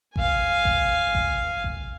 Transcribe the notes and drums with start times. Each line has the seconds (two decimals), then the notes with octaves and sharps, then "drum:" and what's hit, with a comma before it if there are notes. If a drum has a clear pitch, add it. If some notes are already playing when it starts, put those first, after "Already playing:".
0.16 F5 G#5, drum: kick G#1
0.65 drum: kick G#1
1.15 drum: kick G#1
1.64 drum: kick G#1